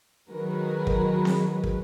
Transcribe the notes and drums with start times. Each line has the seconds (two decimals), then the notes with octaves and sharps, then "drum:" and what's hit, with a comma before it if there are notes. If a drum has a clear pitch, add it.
0.29 D#3 F#3 G#3 F#4 A#4 B4
0.87 drum: kick
1.25 drum: snare C4
1.64 drum: kick